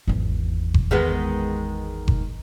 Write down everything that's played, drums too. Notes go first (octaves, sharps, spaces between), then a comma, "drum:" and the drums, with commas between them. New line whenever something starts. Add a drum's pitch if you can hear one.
G#1 E2
drum: kick F#1
D#3 G#3 B3
drum: kick F#1